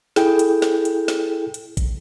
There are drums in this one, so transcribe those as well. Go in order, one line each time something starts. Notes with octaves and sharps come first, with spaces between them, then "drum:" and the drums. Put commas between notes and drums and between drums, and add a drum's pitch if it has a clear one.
E4 G#4 A4 G5, drum: snare
drum: hi-hat
drum: snare
drum: hi-hat
drum: snare
drum: hi-hat
drum: kick, hi-hat